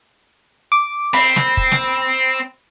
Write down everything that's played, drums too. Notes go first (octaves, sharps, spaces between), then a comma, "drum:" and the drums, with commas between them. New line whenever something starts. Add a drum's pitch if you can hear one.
D6
C4 B5, drum: open hi-hat
drum: snare
drum: kick
drum: snare